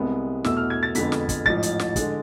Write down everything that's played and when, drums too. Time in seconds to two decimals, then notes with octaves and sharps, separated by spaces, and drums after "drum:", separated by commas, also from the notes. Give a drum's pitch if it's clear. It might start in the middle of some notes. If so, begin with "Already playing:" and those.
Already playing: C2 C3 G#3 B3
0.44 E2 B2 A3 E6, drum: snare
0.57 F6
0.70 G#6
0.83 A6
0.95 F2 D3 G#3 B3 B6, drum: hi-hat
1.12 drum: snare
1.29 drum: kick, hi-hat
1.46 A1 G#2 F3 A6, drum: kick
1.63 drum: hi-hat
1.79 drum: snare
1.96 D3 G#3, drum: kick, hi-hat